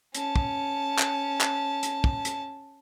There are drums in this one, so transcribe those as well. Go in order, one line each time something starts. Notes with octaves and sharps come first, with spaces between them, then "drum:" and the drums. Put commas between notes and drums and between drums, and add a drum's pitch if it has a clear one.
C#4 A5, drum: hi-hat
drum: kick
drum: clap
drum: clap
drum: hi-hat
drum: kick
drum: hi-hat